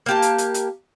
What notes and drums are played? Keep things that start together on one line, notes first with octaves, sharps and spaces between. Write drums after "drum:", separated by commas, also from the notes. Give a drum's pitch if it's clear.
A#3 G4 A5
drum: hi-hat
drum: hi-hat
drum: hi-hat